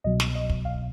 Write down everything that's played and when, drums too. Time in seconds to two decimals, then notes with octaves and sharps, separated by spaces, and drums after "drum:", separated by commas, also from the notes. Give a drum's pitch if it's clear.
0.04 C2 B2 F#3 D#5
0.20 drum: snare
0.35 D#5
0.50 drum: kick
0.65 F5